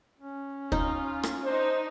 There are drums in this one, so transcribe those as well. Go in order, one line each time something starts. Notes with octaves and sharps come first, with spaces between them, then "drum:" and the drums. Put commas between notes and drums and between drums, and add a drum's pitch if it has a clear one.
C#4
D#4 F4, drum: kick D2
drum: rim click
D4 D#4 C5